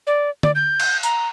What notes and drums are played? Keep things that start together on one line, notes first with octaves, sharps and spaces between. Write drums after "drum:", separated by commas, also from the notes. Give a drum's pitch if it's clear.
D5
D5, drum: tom
G6
drum: cymbal
A#5, drum: hi-hat